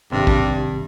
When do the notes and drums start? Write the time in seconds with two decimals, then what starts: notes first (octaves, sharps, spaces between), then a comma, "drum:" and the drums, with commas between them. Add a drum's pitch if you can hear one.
0.12 G#1 G2 C3
0.27 G2, drum: kick